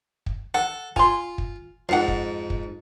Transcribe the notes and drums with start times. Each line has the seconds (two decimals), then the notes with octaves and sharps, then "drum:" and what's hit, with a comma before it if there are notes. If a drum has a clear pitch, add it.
0.26 drum: kick
0.54 A4 F#5
0.96 F4 G#5 C6, drum: kick
1.38 drum: kick
1.89 F2 G#2 F5 F#5
2.08 drum: kick
2.50 drum: kick